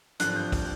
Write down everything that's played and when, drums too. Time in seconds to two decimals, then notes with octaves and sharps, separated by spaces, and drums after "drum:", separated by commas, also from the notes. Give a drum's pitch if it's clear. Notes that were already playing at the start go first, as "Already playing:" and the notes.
0.20 G#1 G2 D3 F3 F#6, drum: hi-hat
0.36 G6
0.52 drum: kick, open hi-hat